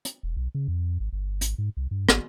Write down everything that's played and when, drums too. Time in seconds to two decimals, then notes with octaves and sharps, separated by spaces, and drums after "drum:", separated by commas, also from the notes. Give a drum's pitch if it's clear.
0.05 drum: hi-hat
0.23 E1
0.37 B1
0.55 C#3
0.68 F2
1.00 G#1
1.12 G1
1.41 G#1, drum: hi-hat
1.58 G#2
1.77 C2
1.91 G2
2.09 G#1, drum: rim click